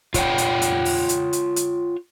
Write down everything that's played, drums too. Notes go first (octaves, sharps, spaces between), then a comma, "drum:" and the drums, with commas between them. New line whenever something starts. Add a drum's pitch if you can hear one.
F4 C#5 F#5 G5, drum: kick, hi-hat
drum: hi-hat
drum: hi-hat
drum: open hi-hat
drum: hi-hat
drum: hi-hat
drum: hi-hat